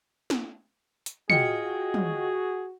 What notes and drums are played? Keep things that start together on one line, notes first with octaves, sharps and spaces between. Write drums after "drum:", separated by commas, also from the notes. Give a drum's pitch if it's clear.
drum: snare
drum: hi-hat
F4 F#4 G#4 D#5 G5 C#7, drum: tom
drum: tom